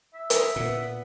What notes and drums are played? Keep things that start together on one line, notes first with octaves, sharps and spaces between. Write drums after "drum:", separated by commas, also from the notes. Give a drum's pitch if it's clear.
E5
drum: hi-hat
A#2 B3 F#5